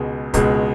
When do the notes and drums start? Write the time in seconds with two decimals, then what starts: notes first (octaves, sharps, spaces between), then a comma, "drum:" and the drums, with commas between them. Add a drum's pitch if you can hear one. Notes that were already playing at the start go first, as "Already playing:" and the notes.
Already playing: C#2 B2 G#3
0.34 C#2 B2 G#3, drum: kick, hi-hat